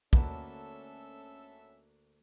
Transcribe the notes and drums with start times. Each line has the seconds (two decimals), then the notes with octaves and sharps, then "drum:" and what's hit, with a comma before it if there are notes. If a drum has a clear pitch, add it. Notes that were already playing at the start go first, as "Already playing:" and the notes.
0.13 D2 A#3 C#4 A4 E5 F#5 A5 B5, drum: kick